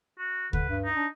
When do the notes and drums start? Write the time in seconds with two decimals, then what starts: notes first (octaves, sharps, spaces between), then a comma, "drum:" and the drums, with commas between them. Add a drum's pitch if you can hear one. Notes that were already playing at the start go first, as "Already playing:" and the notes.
0.19 F#4
0.53 D3 B4, drum: kick D2
0.70 G2
0.85 D#4
0.96 D4